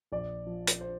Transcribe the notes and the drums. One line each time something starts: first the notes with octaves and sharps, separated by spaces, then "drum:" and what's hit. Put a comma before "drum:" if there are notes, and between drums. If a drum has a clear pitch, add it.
A#1 D5
F3
drum: hi-hat
C5